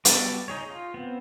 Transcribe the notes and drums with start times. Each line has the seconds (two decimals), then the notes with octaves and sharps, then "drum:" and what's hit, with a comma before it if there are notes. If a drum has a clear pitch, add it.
0.05 G3 B3 F#4 A4 D5, drum: hi-hat
0.48 D#4 G#4 C#5
0.70 F4
0.94 B3 C4